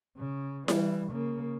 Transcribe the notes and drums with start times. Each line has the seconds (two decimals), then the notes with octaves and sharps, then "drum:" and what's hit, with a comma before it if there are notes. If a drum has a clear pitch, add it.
0.17 C#3
0.68 E3 G3, drum: snare E4
1.11 C#3 A#3